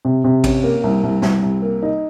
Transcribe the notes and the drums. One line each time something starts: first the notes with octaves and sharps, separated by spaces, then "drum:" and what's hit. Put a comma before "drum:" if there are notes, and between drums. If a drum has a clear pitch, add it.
C3
C3
C#4, drum: kick A1, cymbal
A#3
C2
C2
C2, drum: snare
C2
A#3
D#4